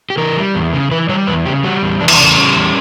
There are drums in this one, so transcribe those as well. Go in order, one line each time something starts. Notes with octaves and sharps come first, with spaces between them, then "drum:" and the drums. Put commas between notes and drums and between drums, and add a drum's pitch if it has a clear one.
G4
E3 A#4
G3
E2
C#3
E3 B4
G3 C#5
E2 B4
C#3 G4
G3 F#4
E2
E2 D4
E4, drum: cymbal
D4
C#3
G3 C#4
E2